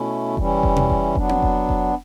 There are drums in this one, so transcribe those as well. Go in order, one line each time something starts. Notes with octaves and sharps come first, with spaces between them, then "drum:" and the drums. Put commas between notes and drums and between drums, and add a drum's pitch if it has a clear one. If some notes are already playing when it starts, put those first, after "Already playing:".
Already playing: B2 A3 C#4 E4
E3 G3 C#4 E4, drum: kick F1
drum: kick F1
drum: tom B2
drum: kick F1
F#3 B3 D4, drum: kick F1
drum: tom C4
drum: kick F1
drum: kick F1